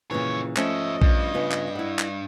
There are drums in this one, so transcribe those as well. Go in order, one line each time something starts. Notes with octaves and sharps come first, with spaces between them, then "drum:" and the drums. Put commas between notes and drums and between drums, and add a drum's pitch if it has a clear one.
F2 A#2 C#3 E3 C#5
F3 A3 C#4 C#5 D#5 E5, drum: clap
G2, drum: kick A#1
C#3 B3 F4
drum: clap
E4 F#5
drum: clap